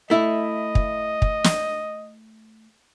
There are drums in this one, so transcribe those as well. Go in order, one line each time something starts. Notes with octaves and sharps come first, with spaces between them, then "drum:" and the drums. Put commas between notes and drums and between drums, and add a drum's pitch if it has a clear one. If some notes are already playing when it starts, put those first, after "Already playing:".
A3 E4 D#5
drum: kick
drum: kick
drum: snare